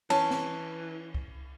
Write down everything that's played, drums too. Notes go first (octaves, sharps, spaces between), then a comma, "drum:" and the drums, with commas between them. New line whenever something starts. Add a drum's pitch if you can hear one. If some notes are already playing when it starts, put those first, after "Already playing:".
E3 C#4 A5, drum: cymbal
drum: snare
drum: kick C2